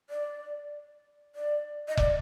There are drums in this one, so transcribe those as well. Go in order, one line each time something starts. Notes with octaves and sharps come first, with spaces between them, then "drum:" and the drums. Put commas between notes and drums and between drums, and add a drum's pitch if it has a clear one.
D5
D5
D#5
D5, drum: kick F1